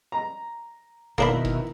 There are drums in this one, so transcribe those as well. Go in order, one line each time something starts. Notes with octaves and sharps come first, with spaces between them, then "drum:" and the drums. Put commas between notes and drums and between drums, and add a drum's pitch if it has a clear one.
A#5
B2 D#3 A#3 D4 E4 A#4 B5, drum: kick
drum: kick